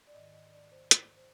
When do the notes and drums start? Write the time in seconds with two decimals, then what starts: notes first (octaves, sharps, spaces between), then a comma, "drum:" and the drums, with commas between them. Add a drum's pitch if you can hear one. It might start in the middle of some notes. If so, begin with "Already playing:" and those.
0.07 D5
0.14 G#2 D#3 D#5
0.33 D#5
0.52 D5
0.72 C5
0.91 drum: hi-hat
1.17 C5